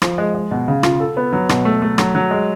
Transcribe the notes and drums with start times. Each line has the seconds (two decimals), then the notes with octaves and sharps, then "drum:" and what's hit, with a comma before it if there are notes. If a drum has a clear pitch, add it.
0.02 F3, drum: rim click
0.18 G#3
0.35 G#3
0.51 B2
0.68 C#3
0.83 F4, drum: rim click
1.00 A4
1.17 B3
1.33 F#3
1.49 B2, drum: rim click
1.65 A3
1.82 A3
1.98 F#3, drum: rim click
2.15 F#3
2.31 G#3